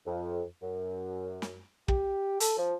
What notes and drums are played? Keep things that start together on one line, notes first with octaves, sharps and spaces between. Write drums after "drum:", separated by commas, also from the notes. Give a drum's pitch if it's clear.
F2
F#2
drum: snare
G4, drum: kick
A4, drum: hi-hat
F3